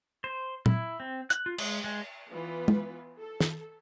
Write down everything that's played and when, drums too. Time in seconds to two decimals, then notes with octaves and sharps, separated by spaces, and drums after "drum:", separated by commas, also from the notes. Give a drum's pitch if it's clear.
0.24 C5
0.66 E4, drum: tom A#2
1.00 C4
1.30 F#6, drum: hi-hat
1.46 F4
1.58 G#3, drum: cymbal
1.84 G#3
2.29 E3 B3 F4 B4
2.68 drum: tom
3.18 A4
3.40 drum: snare